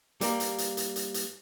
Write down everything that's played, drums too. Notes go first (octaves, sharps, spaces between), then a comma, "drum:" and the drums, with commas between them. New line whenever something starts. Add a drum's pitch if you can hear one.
G3 A#3, drum: hi-hat
drum: hi-hat
drum: hi-hat
drum: hi-hat
drum: hi-hat
drum: hi-hat